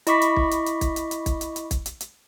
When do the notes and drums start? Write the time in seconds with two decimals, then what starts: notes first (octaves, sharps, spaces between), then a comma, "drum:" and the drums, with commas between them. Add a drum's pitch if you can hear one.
0.07 E4 D#5 B5 C#6 D6 B6, drum: hi-hat
0.22 drum: hi-hat
0.36 drum: kick
0.51 drum: hi-hat
0.66 drum: hi-hat
0.81 drum: kick, hi-hat
0.96 drum: hi-hat
1.11 drum: hi-hat
1.26 drum: kick, hi-hat
1.41 drum: hi-hat
1.56 drum: hi-hat
1.71 drum: kick, hi-hat
1.86 drum: hi-hat
2.01 drum: hi-hat